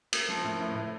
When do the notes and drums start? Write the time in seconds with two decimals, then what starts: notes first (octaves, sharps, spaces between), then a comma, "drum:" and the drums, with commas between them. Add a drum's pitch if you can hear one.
0.13 A#3, drum: cymbal
0.29 F3
0.44 A2
0.60 A2
0.75 A2